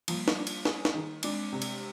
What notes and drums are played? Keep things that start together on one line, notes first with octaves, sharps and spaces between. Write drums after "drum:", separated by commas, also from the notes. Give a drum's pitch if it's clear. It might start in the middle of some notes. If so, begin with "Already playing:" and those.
F3 G3 A#3, drum: cymbal
drum: snare
D4
drum: cymbal
G#4, drum: snare
drum: snare
D#3
G#3 C4 D4, drum: cymbal
C3
drum: cymbal